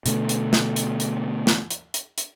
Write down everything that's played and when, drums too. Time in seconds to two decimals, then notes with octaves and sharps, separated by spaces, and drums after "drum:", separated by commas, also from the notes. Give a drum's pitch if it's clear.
0.06 B2 D3 A3, drum: hi-hat
0.29 drum: hi-hat
0.53 drum: snare
0.76 drum: hi-hat
1.00 drum: hi-hat
1.47 drum: snare
1.71 drum: hi-hat
1.94 drum: hi-hat
2.18 drum: hi-hat